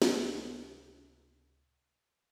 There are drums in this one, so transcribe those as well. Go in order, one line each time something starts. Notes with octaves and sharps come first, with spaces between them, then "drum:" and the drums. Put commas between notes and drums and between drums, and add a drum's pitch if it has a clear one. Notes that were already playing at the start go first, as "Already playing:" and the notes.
C#2 A2 C3, drum: snare